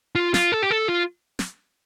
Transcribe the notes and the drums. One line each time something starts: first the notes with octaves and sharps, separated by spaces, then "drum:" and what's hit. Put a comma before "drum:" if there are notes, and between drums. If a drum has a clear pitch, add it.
F4
F4, drum: snare
A4
G4
A4
F4
drum: snare